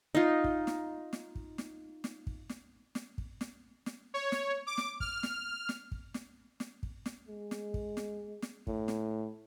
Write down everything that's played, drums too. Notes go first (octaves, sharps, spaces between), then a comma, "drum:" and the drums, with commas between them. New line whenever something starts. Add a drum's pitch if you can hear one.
D#4 F4
drum: kick
drum: snare
drum: snare
drum: kick
drum: snare
drum: snare
drum: kick
drum: snare
drum: snare
drum: kick
drum: snare
drum: snare
C#5
drum: snare
D6
drum: snare
F6, drum: kick
drum: snare
drum: snare
drum: kick
drum: snare
drum: snare
drum: kick
drum: snare
G#3
drum: snare
drum: kick
drum: snare
drum: snare
A2, drum: kick
drum: snare